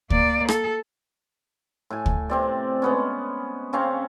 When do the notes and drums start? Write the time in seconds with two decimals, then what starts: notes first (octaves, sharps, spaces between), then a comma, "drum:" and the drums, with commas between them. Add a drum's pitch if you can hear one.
0.10 A#3 D5, drum: kick
0.48 A4, drum: rim click
1.90 A2 G#5
2.06 drum: kick
2.29 C3 C4 D5
2.82 G#3 B3 C#4
3.73 C#3 C4 C#4 F5